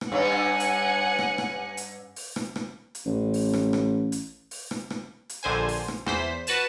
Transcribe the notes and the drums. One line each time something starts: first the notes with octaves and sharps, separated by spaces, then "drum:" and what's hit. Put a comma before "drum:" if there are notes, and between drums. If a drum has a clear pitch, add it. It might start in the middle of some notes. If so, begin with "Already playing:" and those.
drum: rim click
G2 C#4 F#5 G#5
drum: hi-hat
drum: rim click
drum: rim click
drum: hi-hat
drum: open hi-hat
drum: rim click
drum: rim click
drum: hi-hat
A1
drum: open hi-hat
drum: rim click
drum: rim click
drum: hi-hat
drum: open hi-hat
drum: rim click
drum: rim click
drum: hi-hat
A#1 D3 C5 G#5
drum: open hi-hat
drum: rim click
E2 C5 B6, drum: rim click
F#4 B4 A5 E7, drum: hi-hat